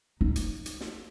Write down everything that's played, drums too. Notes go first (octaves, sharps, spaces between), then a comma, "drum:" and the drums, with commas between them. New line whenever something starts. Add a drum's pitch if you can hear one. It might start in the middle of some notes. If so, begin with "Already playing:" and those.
D#4
drum: hi-hat
drum: hi-hat
drum: snare